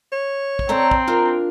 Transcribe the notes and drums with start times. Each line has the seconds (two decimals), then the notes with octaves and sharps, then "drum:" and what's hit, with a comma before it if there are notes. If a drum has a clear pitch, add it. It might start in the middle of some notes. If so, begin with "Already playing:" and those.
0.12 C#5
0.59 drum: kick
0.69 C4 A4 D5 A5 A#5
0.91 drum: kick
1.08 D4 F4 A#4